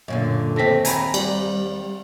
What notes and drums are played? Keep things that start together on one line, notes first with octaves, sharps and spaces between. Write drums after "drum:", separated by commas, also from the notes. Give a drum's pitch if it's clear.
F#2 A#2 D3
D#2 C4 A4 A#6 B6
G#5 A#5 B5, drum: hi-hat
G3, drum: cymbal